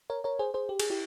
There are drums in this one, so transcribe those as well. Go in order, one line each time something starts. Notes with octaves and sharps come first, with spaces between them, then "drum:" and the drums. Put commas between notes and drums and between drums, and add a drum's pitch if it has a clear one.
A#4 C#5
A#4 C#5
G#4 C5
G#4 C5
G4
G#4, drum: cymbal
E4 G4